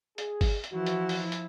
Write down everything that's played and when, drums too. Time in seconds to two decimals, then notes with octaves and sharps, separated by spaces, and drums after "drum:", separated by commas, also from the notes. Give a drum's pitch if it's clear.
0.18 G#4, drum: hi-hat
0.41 drum: kick G1, open hi-hat
0.64 drum: hi-hat
0.73 E3 F3 E4 F#4
0.86 drum: hi-hat
1.09 drum: open hi-hat
1.32 drum: hi-hat